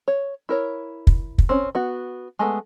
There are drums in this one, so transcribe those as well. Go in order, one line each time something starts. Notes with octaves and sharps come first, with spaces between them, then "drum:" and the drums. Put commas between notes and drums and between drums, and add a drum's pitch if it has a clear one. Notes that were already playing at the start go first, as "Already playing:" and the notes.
C#5
E4 A#4 C#5
drum: kick
drum: kick
C4 C#4
B3 F#4
G#3 A3 B3